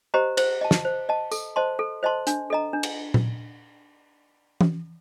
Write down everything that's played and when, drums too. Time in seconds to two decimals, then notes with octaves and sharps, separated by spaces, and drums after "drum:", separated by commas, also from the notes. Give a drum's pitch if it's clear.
0.14 G4 C5 D#5 A#5
0.37 C5, drum: cymbal
0.61 D#5 A5
0.71 drum: snare
0.85 C5
1.09 D#5 A5
1.32 A4, drum: tambourine
1.56 C5 D#5 A5 C6
1.79 A4
2.03 C5 D#5 A5 C6
2.27 D4, drum: hi-hat
2.50 A4 D#5 A#5
2.73 D4
2.83 drum: cymbal
3.14 drum: tom A#2
4.61 drum: tom E3